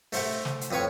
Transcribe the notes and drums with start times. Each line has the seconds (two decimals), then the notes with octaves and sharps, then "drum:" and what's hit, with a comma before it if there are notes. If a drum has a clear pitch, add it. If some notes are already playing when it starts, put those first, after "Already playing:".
0.12 A3 A4 C5 E5 F#5, drum: open hi-hat
0.45 drum: snare
0.61 drum: hi-hat
0.71 F2 A2 B4 C#5 C#6